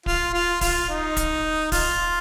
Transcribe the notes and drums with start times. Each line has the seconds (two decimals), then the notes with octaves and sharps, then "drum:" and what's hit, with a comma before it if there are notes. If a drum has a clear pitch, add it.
0.06 F4, drum: kick D1
0.34 F4
0.61 F4, drum: kick D1, open hi-hat
0.89 D#4
1.17 drum: kick D1, hi-hat
1.72 F4, drum: kick D1, open hi-hat